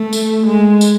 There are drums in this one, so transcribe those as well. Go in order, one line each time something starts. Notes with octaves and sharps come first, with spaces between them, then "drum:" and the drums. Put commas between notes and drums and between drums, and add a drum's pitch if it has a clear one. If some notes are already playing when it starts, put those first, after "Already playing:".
Already playing: A3
drum: tambourine
G#3
drum: tambourine